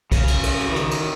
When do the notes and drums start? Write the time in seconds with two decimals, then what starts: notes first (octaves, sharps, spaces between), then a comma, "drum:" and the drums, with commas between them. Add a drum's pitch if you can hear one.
0.12 C#3, drum: kick, cymbal
0.28 drum: cymbal
0.44 drum: cymbal
0.59 drum: rim click
0.69 E3
0.75 D#3, drum: rim click
0.91 drum: cymbal